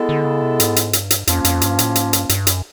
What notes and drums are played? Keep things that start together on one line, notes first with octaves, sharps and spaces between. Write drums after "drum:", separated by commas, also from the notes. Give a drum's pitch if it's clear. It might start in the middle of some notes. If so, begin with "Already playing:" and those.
Already playing: G#3 B3 E4 A4
D3
C#3
C3
G#2, drum: hi-hat
drum: hi-hat
G2, drum: hi-hat
drum: hi-hat
F2 F3 A#3 C#4, drum: hi-hat
F2, drum: hi-hat
G2, drum: hi-hat
A2, drum: hi-hat
G#2, drum: hi-hat
G2, drum: hi-hat
G2, drum: hi-hat
F#2, drum: hi-hat